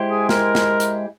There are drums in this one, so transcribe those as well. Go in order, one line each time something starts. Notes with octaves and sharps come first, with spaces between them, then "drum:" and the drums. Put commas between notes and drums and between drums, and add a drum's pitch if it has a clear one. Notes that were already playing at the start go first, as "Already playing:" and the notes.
Already playing: G#3 E4 G4 C5
G#4
A#4, drum: snare
drum: snare
drum: hi-hat